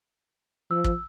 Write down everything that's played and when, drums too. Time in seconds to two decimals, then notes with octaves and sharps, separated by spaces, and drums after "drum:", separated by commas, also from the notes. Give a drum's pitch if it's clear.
0.71 F3 E6
0.84 drum: kick